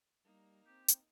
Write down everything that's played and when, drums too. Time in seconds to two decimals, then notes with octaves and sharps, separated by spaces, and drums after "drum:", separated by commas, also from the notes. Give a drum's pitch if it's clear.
0.25 G3 A#3 D#4
0.66 C4 G4
0.88 drum: hi-hat